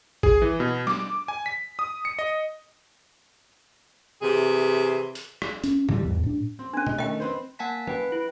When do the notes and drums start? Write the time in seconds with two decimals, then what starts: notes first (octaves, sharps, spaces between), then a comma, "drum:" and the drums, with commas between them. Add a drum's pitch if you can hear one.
0.23 G#4, drum: kick
0.42 E3
0.60 B2
0.87 D6, drum: snare
1.28 G#5
1.46 B6
1.79 D#6
2.05 C#7
2.19 D#5
4.23 C3 E3 G#4
5.15 drum: hi-hat
5.42 drum: rim click
5.64 C#4, drum: hi-hat
5.89 C#3 E3 F#3 G3, drum: tom G#2
6.06 E2
6.23 A2 D4
6.59 C4
6.74 C#4 D4
6.87 D#5, drum: tom B2
6.98 D#3 A3 D#5 G5
7.20 C4 B4 C5
7.59 A#3 F#5 G#5 A5 B6
7.87 B4 G5, drum: tom
8.12 E4